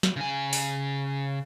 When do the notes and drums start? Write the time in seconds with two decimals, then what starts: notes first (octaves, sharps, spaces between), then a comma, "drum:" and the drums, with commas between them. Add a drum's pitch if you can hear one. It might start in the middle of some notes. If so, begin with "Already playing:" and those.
0.03 drum: snare
0.16 C#3 G#5
0.53 drum: open hi-hat